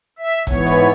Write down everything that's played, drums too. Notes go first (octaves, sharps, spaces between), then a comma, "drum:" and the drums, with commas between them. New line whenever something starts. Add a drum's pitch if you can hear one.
E5
G#2 E3 B3 C#5, drum: kick, hi-hat
drum: hi-hat